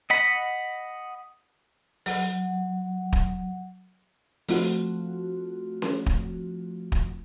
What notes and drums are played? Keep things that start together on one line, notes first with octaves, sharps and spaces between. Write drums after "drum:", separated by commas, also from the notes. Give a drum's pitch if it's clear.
D#5 F#5 B5
F#3 F#5, drum: open hi-hat
drum: kick
F3 A3 C4 F4 F#4, drum: open hi-hat
drum: snare C#4
drum: kick
drum: kick